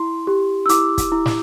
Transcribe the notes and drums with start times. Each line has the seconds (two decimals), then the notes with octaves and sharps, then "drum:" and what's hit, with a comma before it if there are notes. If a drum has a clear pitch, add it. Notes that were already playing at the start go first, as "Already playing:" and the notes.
Already playing: E4 C6
0.27 G4
0.66 E6
0.69 E4 D6, drum: hi-hat
0.98 drum: kick, hi-hat
1.12 E4
1.26 drum: snare